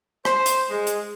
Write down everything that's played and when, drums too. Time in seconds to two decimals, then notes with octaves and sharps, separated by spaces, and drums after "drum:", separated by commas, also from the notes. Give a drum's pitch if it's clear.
0.25 C5, drum: rim click
0.46 drum: hi-hat
0.70 G#3
0.87 drum: hi-hat